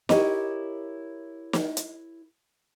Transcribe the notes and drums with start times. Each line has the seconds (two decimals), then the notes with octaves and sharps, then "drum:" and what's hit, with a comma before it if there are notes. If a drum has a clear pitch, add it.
0.09 E4 G4 A#4 C#5 D#5, drum: snare
1.53 drum: snare
1.77 drum: hi-hat